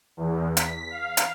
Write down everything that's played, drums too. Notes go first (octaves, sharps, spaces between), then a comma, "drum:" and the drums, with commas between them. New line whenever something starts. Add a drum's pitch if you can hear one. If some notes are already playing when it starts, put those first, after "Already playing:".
E2
B6, drum: hi-hat
F5
drum: hi-hat